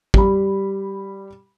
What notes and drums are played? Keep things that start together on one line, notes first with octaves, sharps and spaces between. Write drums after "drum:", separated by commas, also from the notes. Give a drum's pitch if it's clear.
G3 B5, drum: kick